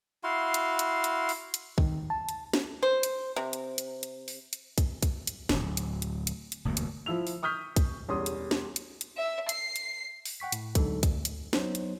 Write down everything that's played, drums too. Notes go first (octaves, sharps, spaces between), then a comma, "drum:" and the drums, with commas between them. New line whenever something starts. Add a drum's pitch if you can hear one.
E4 F#4 F5 C6
drum: hi-hat
drum: hi-hat
drum: hi-hat
drum: open hi-hat
drum: hi-hat
D#3, drum: kick
A5
drum: hi-hat
drum: snare
C5
drum: hi-hat
C3
drum: hi-hat
drum: hi-hat
drum: hi-hat
drum: open hi-hat
drum: hi-hat
drum: kick, hi-hat
drum: kick, hi-hat
drum: hi-hat
D1 G1, drum: snare
drum: hi-hat
drum: hi-hat
drum: hi-hat
drum: hi-hat
E1 D2 G2 A#3
drum: hi-hat
F3 E4 E6 F7
drum: open hi-hat
C#6 D#6 F6 G6 B6
drum: kick, hi-hat
E1 E2 G3 C#4 C6 D#6
drum: hi-hat
drum: snare
drum: hi-hat
drum: hi-hat
E5
C7, drum: hi-hat
drum: hi-hat
drum: open hi-hat
F#5 G5 C#6 B6
A2, drum: hi-hat
D2 D3 F#3 G#3 D#4 A4, drum: kick, hi-hat
D2, drum: kick, hi-hat
drum: hi-hat
F#3 B3 D#4 C5 C#5, drum: snare
drum: hi-hat